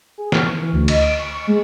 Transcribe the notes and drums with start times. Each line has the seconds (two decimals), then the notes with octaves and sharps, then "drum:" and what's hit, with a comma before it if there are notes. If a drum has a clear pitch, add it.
0.18 G#4
0.32 F6, drum: snare
0.46 C#6
0.58 E3
0.72 D2
0.88 D#5, drum: cymbal
1.01 D7
1.18 C#6
1.33 C#6
1.47 G#3